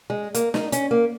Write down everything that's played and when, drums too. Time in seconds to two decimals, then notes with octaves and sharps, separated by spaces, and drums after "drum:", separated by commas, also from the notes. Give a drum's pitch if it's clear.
0.10 G#3
0.34 A#3, drum: hi-hat
0.54 D#4, drum: snare
0.72 C#4, drum: hi-hat
0.91 A#3